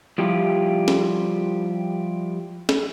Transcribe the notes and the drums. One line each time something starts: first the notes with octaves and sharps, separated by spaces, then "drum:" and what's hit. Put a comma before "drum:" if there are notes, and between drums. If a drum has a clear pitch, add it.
F3 G3 E4 F4 G4
drum: snare
drum: snare